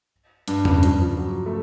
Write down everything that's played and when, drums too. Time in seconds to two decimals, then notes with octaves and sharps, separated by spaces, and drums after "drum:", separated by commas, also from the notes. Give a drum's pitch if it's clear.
0.48 G2, drum: hi-hat
0.65 C#3, drum: tom E2
0.83 F3, drum: hi-hat
1.00 F3
1.18 F#3
1.46 A3